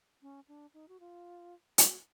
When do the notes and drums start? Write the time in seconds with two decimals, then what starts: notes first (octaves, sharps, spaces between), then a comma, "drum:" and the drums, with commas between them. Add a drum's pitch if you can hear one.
0.22 C#4
0.48 D4
0.74 D#4
0.88 F#4
1.00 F4
1.78 F#4, drum: hi-hat